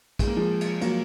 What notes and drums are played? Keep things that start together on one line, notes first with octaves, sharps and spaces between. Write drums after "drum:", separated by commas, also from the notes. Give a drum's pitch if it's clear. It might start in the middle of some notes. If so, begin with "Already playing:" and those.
G#3, drum: kick, cymbal
A#3
F3 G#3
drum: cymbal
F#3 A#3, drum: cymbal